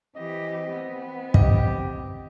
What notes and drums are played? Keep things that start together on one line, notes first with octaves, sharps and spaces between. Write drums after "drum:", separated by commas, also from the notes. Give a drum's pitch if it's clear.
E3 C4 G4 D#5
B3
G4 D#5, drum: kick